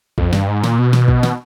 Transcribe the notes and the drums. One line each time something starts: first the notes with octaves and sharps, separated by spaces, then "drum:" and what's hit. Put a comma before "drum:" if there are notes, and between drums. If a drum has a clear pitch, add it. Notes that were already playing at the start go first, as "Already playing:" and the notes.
F2, drum: kick
G2, drum: snare
G#2
A#2, drum: snare
B2
drum: snare
drum: kick
drum: snare